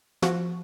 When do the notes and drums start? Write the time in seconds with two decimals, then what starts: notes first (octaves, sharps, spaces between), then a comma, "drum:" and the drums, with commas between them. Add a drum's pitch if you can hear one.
0.22 F3 F#4, drum: snare